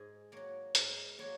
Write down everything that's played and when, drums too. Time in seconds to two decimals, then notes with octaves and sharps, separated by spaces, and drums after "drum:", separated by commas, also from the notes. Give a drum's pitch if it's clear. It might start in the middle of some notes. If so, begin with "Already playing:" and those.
Already playing: G#2 G#4
0.32 F#3 A#3 C#5
0.75 G#2 A#4, drum: hi-hat
1.19 F#3 A#3 C#5